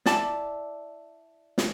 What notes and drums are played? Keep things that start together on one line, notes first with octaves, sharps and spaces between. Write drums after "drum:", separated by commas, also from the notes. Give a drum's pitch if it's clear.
E4 D5 A5, drum: snare
drum: snare